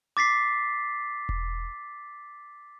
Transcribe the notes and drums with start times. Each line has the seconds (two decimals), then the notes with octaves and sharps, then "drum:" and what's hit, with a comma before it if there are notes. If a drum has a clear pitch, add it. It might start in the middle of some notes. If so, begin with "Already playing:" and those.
0.17 D6 A6 B6 C7
1.29 drum: kick E1